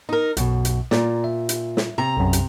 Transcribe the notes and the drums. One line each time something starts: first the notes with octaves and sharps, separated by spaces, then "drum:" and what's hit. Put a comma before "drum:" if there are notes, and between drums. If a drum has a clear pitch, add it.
D#4 A#4
B1 F#2 B2, drum: hi-hat
drum: hi-hat
A#2 D5 A#5, drum: snare
E5
drum: hi-hat
drum: snare
C3 A#5
B1 F#2
drum: hi-hat